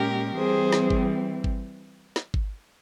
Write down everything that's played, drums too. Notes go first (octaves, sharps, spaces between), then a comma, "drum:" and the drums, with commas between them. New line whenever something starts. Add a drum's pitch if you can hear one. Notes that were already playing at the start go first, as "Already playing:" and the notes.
Already playing: A#2 G#3 C#4 G4 A#4
E3 G3 C4 G#4 C5
drum: snare
drum: kick G#1
drum: kick G#1
drum: snare
drum: kick G#1